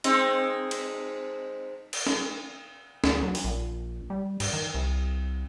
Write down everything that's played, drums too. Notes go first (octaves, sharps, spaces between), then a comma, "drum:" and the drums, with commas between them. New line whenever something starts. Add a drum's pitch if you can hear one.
G#3 C4 D#4, drum: hi-hat
drum: cymbal
drum: cymbal
drum: snare
D2, drum: snare
F#3
drum: open hi-hat
A#1
G3
G2, drum: cymbal
D#3
C2